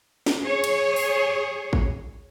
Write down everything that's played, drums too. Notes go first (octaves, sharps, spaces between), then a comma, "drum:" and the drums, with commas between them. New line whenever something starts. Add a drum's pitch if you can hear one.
drum: snare
G#4 C#5
drum: cymbal
drum: open hi-hat
drum: kick